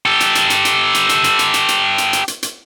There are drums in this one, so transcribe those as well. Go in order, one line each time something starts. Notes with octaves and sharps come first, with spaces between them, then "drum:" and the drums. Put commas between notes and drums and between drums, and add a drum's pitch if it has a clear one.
G4 A4
drum: hi-hat
drum: hi-hat
drum: hi-hat
drum: hi-hat
drum: hi-hat
drum: hi-hat
drum: hi-hat
drum: hi-hat
drum: hi-hat
drum: hi-hat
drum: hi-hat
drum: hi-hat
drum: hi-hat
drum: hi-hat